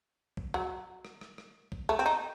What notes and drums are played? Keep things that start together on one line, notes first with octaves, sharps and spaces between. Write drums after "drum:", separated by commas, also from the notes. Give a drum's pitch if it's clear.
drum: kick B1
F#3
drum: rim click
drum: rim click
drum: rim click
drum: kick B1
A3
C4
D#4